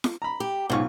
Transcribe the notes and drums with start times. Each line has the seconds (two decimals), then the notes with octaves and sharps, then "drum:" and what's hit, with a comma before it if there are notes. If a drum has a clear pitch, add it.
0.04 drum: snare
0.22 A#5 B5
0.40 G4
0.70 B1 G#2 C#3 F4 C#6